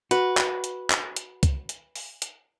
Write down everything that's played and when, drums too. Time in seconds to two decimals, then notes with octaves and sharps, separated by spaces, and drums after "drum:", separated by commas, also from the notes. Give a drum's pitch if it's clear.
0.11 F#4 B4, drum: hi-hat
0.37 drum: clap
0.64 drum: hi-hat
0.90 drum: clap
1.16 drum: hi-hat
1.43 drum: kick C2, hi-hat
1.69 drum: hi-hat
1.96 drum: open hi-hat
2.22 drum: hi-hat